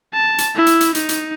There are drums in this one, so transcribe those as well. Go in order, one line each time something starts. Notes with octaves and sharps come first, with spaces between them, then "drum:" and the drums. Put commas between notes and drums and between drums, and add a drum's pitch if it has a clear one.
A5
drum: hi-hat
E4
drum: hi-hat
drum: hi-hat
D#4, drum: hi-hat
drum: hi-hat